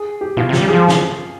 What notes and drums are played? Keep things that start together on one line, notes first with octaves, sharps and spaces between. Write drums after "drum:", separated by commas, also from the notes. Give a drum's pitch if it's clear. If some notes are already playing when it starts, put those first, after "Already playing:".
Already playing: G#4
G4
B2 F4
C3
G4, drum: snare
G3
F3 G#4
drum: snare